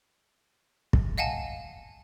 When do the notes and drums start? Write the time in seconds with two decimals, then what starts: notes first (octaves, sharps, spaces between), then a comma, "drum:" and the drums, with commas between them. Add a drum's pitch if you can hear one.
0.93 drum: kick
1.18 D#5 F5 F#5 G#5 A5